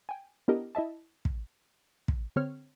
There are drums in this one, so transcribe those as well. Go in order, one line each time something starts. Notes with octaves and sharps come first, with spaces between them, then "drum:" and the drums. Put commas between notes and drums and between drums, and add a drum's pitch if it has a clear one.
G5 G#5
B3 D4 E4 G4 A#4 D#5
E4 D#5 E5 A5
drum: kick
drum: kick
D3 C4 C#5 F6